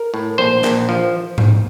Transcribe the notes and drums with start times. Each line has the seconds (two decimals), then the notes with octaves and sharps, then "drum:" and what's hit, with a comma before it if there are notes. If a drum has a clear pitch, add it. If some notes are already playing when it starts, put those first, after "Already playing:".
Already playing: A#4
0.14 A2
0.38 A#1 C5
0.64 A#1, drum: clap
0.89 F3
1.38 drum: tom G#2